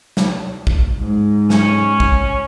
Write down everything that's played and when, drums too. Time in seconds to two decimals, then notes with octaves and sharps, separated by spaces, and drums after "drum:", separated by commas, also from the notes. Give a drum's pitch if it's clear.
0.17 drum: snare
0.67 drum: kick
0.98 G#2
1.50 C#4, drum: snare
2.00 drum: kick